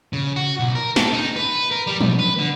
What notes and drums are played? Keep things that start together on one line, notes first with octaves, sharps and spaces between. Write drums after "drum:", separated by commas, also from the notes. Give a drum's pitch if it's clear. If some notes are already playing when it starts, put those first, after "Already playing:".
C#3
F#4
B1
A#4
A4, drum: snare
D#4
B4
A#4
G3
B1, drum: tom
B4
D3